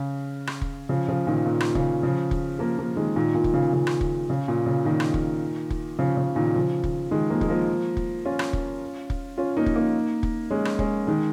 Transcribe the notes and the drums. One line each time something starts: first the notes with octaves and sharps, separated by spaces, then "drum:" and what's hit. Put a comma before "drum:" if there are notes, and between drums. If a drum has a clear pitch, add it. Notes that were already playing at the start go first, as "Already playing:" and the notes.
Already playing: C#3
drum: rim click
drum: kick
C#3 F3
C#3 F3
A#2 D#3
A#2
drum: rim click
C#3, drum: kick
C#3 F3
drum: kick
F3 A#3
F3 A#3
D#3 G#3
A#2 D#3
A#2
drum: kick
C#3
C#3
drum: rim click
drum: kick
C#3
A#2
C#3
A#2 D#3
drum: rim click
drum: kick
drum: kick
C#3 F3
C#3
A#2 D#3
C#3 F3
drum: kick
D#3 G#3
F3 A#3
G#3, drum: kick
F3 A#3
drum: kick
C#4 F4
drum: rim click
drum: kick
drum: kick
C#4 F4
A#3 D#4
drum: kick
A#3 D#4
drum: kick
G#3 C#4
drum: rim click
G#3 C#4, drum: kick
D#3 G#3